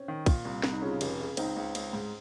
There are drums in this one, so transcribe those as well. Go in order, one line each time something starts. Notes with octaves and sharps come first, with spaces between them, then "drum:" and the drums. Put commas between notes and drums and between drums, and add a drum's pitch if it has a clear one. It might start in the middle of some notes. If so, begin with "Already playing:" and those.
Already playing: C4 C#4
D#3
A#2, drum: kick, cymbal
C2
C2, drum: snare
D#4
C#3 C#4 F4
F1, drum: cymbal
C#3
C#2 C4 D#4, drum: cymbal
C#2
C#2, drum: cymbal
G#2